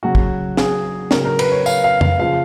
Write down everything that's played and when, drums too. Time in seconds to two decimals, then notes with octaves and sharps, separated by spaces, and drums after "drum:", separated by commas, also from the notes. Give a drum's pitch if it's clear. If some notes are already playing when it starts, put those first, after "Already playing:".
0.03 C#3 F#3 F#4
0.15 drum: kick
0.57 G#4, drum: snare
1.11 C#3 F#3 A#4, drum: snare
1.25 A#4
1.39 B4, drum: cymbal
1.52 C#5
1.66 F5, drum: tambourine
1.84 F5
2.01 F5, drum: tom F2
2.19 C#3 F3 F5